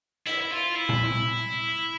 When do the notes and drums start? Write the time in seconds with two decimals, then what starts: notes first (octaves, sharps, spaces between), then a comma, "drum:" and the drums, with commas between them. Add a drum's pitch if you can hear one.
0.26 E4, drum: hi-hat
0.40 E4
0.51 F4
0.75 E4
0.89 drum: tom A#2